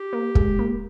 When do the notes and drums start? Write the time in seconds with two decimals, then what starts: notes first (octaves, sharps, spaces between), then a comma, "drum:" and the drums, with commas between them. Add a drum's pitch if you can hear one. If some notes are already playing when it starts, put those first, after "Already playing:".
Already playing: G4
0.13 A#3
0.35 G#3, drum: kick
0.59 A#3